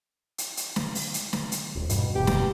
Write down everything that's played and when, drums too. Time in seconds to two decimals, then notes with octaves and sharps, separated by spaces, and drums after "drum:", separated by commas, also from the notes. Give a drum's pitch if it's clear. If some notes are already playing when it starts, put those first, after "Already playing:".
0.38 drum: hi-hat
0.57 drum: hi-hat
0.76 drum: snare
0.95 drum: open hi-hat
1.14 drum: hi-hat
1.33 drum: snare
1.52 drum: hi-hat
1.75 D#1
1.89 G2 B2 G3, drum: hi-hat
2.15 F1 E2 B2 G4
2.27 drum: snare